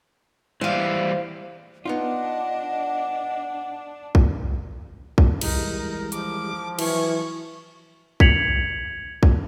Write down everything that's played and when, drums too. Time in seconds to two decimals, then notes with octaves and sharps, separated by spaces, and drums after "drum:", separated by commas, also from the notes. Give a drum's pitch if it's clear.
0.61 E3 G3 C5 F5
1.86 B3 D4 D#4 F4 D#5 F#5
4.15 drum: kick
5.18 drum: kick
5.41 E3 G3 G#3 D#4 A#4, drum: cymbal
6.12 F3 D6, drum: hi-hat
6.79 E3 F#3 E4 G#5 C#6, drum: cymbal
8.20 G#6 B6 C#7 F7 F#7, drum: kick
9.23 drum: kick